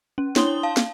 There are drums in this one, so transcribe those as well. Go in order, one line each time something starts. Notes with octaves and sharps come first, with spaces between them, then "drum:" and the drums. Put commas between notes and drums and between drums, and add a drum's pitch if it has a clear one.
C#4
D4 E4 C#5 C6 D#6 G7, drum: snare
F5 A5
drum: snare